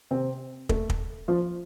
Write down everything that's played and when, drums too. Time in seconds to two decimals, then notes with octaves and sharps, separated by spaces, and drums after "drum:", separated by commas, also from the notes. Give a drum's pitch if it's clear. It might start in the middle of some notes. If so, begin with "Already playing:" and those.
0.11 C3 C4
0.69 A3 A4, drum: kick
0.90 drum: kick
1.28 F3 F4